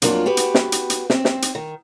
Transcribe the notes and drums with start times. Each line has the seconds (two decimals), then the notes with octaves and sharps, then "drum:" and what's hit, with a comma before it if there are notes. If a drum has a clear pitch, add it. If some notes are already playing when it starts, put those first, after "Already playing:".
0.02 F2 F#3 A#3 D4 F4, drum: hi-hat
0.26 B3 F#4 G4 B4
0.37 drum: hi-hat
0.55 drum: snare
0.72 drum: hi-hat
0.90 drum: hi-hat
1.10 C4, drum: snare
1.25 drum: snare
1.42 drum: hi-hat
1.55 D#3